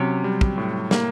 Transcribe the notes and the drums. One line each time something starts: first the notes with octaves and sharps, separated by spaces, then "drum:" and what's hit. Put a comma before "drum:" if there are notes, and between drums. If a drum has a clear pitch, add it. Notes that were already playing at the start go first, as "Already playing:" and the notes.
Already playing: C3 F#3 C#4
G3
drum: kick
A2
A#3, drum: snare